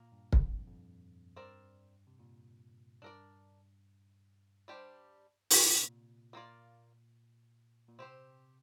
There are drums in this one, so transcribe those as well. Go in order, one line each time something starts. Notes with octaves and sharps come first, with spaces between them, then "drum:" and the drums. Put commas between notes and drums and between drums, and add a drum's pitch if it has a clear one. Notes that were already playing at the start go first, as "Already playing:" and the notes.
Already playing: A#2 A#3 A#4
G2
G2, drum: kick
F2
F2
G2 C4 A#4 D5
C3
A#2
G2 D4 A#4 D5
G3 D4 G4 C5
A#2, drum: open hi-hat
C3
A#2
G3 A#3 F4 D5
A#2
C3 C4 G4 C5